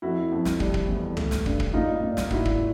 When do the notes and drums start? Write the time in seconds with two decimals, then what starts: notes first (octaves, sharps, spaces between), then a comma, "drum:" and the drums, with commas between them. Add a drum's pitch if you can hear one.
0.02 F2 E4 F#4
0.32 F2
0.45 drum: snare
0.60 G3, drum: kick
0.74 drum: kick
0.88 E2
1.17 A3, drum: tom
1.31 drum: snare
1.46 G2, drum: kick
1.60 drum: kick
1.73 A#2 D#4 F4
2.03 A#2
2.17 drum: snare
2.31 G#2 E4 F#4, drum: kick
2.45 drum: kick